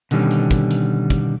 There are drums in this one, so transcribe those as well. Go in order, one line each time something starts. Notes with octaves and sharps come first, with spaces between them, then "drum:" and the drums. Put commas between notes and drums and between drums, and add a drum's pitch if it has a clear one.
B2 D3 D#3 G3 C#4, drum: hi-hat
drum: hi-hat
drum: kick, hi-hat
drum: hi-hat
drum: kick, hi-hat